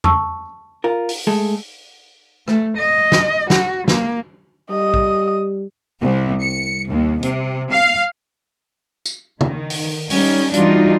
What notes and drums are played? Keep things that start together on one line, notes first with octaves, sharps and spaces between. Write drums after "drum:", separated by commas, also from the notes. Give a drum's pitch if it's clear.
A5 C#6 E6, drum: tom E2
F4 A#4
drum: open hi-hat
G#3 A3 A4
A3, drum: rim click
D#5
drum: snare
F#4, drum: snare
A#3, drum: snare
G3 D#5 D#6
drum: kick
C2
C#7
D#2
C3, drum: hi-hat
F5
drum: tambourine
D#3, drum: tom C#3
drum: open hi-hat
G3 C#4 D#4, drum: open hi-hat
E3 G3 D4 D#4 F4 F#4, drum: hi-hat